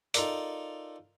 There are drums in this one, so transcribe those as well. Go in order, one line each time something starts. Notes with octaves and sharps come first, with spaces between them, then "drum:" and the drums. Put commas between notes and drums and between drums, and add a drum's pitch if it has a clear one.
D#4 F4 A4 A#4 D5, drum: hi-hat